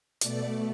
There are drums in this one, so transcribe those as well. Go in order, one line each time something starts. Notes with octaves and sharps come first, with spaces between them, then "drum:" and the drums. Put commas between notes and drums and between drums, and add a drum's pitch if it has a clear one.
B2 A3 D5, drum: hi-hat